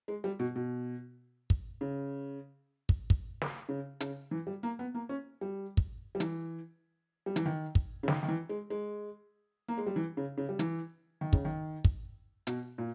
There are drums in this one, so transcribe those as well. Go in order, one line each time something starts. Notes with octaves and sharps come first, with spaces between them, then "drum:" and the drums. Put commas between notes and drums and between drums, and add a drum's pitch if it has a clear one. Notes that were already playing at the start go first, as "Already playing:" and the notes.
G#3
G3
B2
B2
drum: kick
C#3
drum: kick
drum: kick
drum: snare
C#3
C#3, drum: hi-hat
E3
G3
A#3
B3
A#3
C#4
G3
drum: kick
G3
E3, drum: hi-hat
G3
E3, drum: hi-hat
D#3
drum: kick
C#3
D#3, drum: snare
D#3
E3
G#3
G#3
A#3
G#3
G3
E3
C#3
C#3
G3
E3, drum: hi-hat
D#3
C#3, drum: kick
D#3
drum: kick
B2, drum: hi-hat
A#2